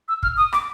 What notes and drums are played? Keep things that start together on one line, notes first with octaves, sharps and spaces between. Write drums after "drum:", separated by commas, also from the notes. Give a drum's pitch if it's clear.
E6
F6, drum: kick
D#6
D6, drum: rim click